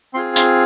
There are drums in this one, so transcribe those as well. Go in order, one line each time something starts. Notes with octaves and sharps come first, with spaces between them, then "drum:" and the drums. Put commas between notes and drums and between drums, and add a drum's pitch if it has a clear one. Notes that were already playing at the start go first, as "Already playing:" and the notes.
C4 F4 G#4 C6
C6, drum: hi-hat